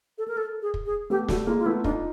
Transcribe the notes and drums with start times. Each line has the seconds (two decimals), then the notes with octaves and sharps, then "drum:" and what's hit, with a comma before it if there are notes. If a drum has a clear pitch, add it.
0.18 A4
0.28 A#4
0.37 A4
0.62 G#4
0.74 drum: kick
0.86 G#4
1.10 A3 B3 G4
1.28 G3 A3 F#4, drum: snare
1.47 G#3 A#3 F4
1.59 F4
1.66 A3 B3 E4
1.84 D4 D#4 F4, drum: kick